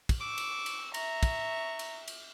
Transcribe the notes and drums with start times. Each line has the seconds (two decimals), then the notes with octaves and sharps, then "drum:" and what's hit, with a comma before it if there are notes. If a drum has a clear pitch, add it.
0.09 drum: kick, cymbal
0.21 C#6 D6 E6
0.38 drum: cymbal
0.66 drum: cymbal
0.94 E5 A#5 C#6, drum: cymbal
1.23 drum: kick, cymbal
1.79 drum: cymbal
2.08 drum: cymbal